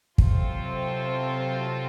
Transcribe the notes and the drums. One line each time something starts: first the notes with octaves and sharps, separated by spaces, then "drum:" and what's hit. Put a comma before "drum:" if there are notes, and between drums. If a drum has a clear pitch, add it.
C3 F#3 C4 F4 A4, drum: kick